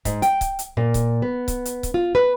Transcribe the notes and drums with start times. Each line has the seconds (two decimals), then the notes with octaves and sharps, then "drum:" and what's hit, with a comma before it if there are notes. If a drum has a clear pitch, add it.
0.05 G#2, drum: kick C#1, hi-hat
0.22 G5, drum: hi-hat
0.41 drum: kick C#1, hi-hat
0.59 drum: hi-hat
0.77 A#2
0.94 drum: kick C#1, hi-hat
1.22 B3
1.48 drum: kick C#1, hi-hat
1.65 drum: hi-hat
1.83 drum: kick C#1, hi-hat
1.94 F4
2.15 B4